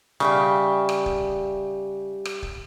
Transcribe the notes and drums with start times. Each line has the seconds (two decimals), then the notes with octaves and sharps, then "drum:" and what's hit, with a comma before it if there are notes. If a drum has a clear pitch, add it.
0.20 C#3 G3 E5 G5
0.89 drum: rim click
1.06 drum: kick
2.25 drum: rim click
2.43 drum: kick